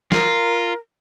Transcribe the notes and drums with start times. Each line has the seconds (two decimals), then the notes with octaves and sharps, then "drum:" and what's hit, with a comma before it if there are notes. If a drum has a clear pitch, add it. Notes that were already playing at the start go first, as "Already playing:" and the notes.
0.12 F4 A#4, drum: snare